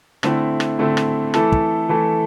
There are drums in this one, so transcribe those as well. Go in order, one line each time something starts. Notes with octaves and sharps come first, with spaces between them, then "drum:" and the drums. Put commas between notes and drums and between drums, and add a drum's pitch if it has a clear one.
D3 A3 C4 E4, drum: rim click
drum: rim click
D3 A3 C4 E4
drum: rim click
E3 A3 E4 A4, drum: rim click
drum: kick
E3 A3 E4 A4